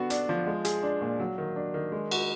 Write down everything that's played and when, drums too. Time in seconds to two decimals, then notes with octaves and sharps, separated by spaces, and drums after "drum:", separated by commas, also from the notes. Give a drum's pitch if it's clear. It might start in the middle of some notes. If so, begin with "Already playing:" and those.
Already playing: D3 B3 F#4
0.10 D4, drum: hi-hat
0.29 F3
0.46 G#3
0.65 G#4, drum: hi-hat
0.83 D4
1.01 A#2
1.20 F#3
1.38 D#3
1.56 D4
1.74 D#3
1.92 G#3
2.11 F#4, drum: cymbal